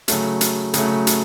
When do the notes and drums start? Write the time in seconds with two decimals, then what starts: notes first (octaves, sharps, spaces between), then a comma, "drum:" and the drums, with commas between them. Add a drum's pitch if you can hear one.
0.08 C#3 F#3 A3, drum: hi-hat
0.41 drum: hi-hat
0.74 C#3 F#3 A3, drum: hi-hat
1.07 drum: hi-hat